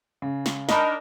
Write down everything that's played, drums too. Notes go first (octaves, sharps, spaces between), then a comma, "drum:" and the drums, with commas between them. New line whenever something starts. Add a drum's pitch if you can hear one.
C#3
drum: snare
D4 D#4 A#4 D#5 B5, drum: snare